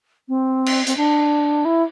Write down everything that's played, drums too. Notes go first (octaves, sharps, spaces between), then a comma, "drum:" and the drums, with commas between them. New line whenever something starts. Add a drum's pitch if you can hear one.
C4
drum: cymbal
C4, drum: hi-hat
D4
E4